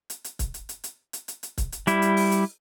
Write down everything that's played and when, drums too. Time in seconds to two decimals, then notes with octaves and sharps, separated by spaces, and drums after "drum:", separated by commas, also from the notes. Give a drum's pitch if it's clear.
0.10 drum: hi-hat
0.24 drum: hi-hat
0.39 drum: kick C#1, hi-hat
0.54 drum: hi-hat
0.69 drum: hi-hat
0.84 drum: hi-hat
1.13 drum: hi-hat
1.28 drum: hi-hat
1.43 drum: hi-hat
1.58 drum: kick C#1, hi-hat
1.72 drum: hi-hat
1.87 G3 E4, drum: hi-hat
2.02 drum: hi-hat
2.17 drum: open hi-hat
2.32 drum: hi-hat